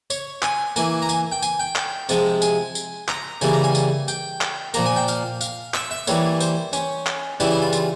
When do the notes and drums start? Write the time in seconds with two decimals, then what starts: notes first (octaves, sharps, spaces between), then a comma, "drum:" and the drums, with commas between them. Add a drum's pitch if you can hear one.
0.10 C#5, drum: tambourine
0.43 G#5, drum: clap
0.76 E3 A#3 G#5, drum: tambourine
1.02 A#5
1.09 G#5, drum: tambourine
1.32 G5
1.42 G#5, drum: tambourine
1.59 G5
1.76 drum: clap
2.09 C3 F3 G#3, drum: tambourine
2.42 G#5, drum: tambourine
2.75 drum: tambourine
3.09 A#5, drum: clap
3.41 C#3 E3 G3 A#3 G#5, drum: tambourine
3.53 A#5
3.64 G#5
3.75 drum: tambourine
4.08 G5, drum: tambourine
4.41 drum: clap
4.74 A#2 F3 A#3 A#5, drum: tambourine
4.86 G#5
4.96 G5
5.08 F5, drum: tambourine
5.41 F5, drum: tambourine
5.74 E5, drum: clap
5.91 E5
6.07 E3 G3 A#3 C#5, drum: tambourine
6.40 C5, drum: tambourine
6.73 C#4, drum: tambourine
7.07 drum: clap
7.40 C#3 E3 G3 E4, drum: tambourine
7.51 E4
7.62 F4
7.73 F4, drum: tambourine